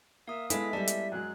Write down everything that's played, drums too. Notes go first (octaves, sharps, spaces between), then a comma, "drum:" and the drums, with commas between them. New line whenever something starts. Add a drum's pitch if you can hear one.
A#3 E5 F5 D#6
G#3 B3 E4 A4 D#5 B6, drum: hi-hat
G3 E4 A4 D5
drum: hi-hat
F#2 F#3 G#3 F#6